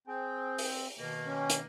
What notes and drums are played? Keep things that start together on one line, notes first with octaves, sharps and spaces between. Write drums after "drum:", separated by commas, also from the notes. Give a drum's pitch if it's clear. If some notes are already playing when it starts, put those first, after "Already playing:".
C4 G#4 C5 G5
drum: open hi-hat
B2 D#3 A#3
C#4
drum: hi-hat